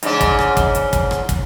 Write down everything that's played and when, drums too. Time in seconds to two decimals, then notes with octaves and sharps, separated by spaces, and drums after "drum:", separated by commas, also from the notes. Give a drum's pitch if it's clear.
0.03 G#2 C#3 D4, drum: hi-hat
0.21 drum: kick, hi-hat
0.39 drum: rim click
0.57 drum: kick, hi-hat
0.75 drum: hi-hat
0.93 drum: kick, hi-hat
1.11 drum: rim click
1.29 drum: kick, hi-hat